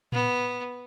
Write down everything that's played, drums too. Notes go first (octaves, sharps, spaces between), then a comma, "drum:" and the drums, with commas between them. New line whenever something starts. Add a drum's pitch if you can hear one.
B3, drum: tom A2